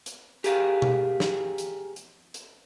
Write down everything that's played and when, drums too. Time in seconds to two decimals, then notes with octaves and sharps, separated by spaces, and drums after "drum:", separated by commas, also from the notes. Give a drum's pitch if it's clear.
0.06 drum: hi-hat
0.44 G4 G#4 A#4 F5, drum: hi-hat
0.82 drum: tom B2
1.20 drum: snare
1.58 drum: hi-hat
1.96 drum: hi-hat
2.34 drum: hi-hat